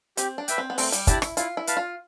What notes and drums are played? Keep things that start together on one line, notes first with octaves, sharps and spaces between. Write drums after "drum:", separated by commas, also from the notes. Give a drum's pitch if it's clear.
C4 G4, drum: hi-hat
D4
B4 E5 G5, drum: hi-hat
C4
B3
A3 C4, drum: open hi-hat
G3, drum: hi-hat
D4 E4 G4 D5 A5, drum: kick, hi-hat
E4, drum: rim click
E4 F4, drum: hi-hat
E4
B4 F5 A5, drum: hi-hat
F4